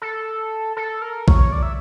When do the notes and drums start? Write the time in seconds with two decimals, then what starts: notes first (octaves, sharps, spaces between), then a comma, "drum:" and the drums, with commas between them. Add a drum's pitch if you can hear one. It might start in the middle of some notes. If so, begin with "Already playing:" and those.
0.02 A4
0.77 A4
1.02 A#4
1.28 C#5, drum: kick A#1
1.52 D5
1.63 E5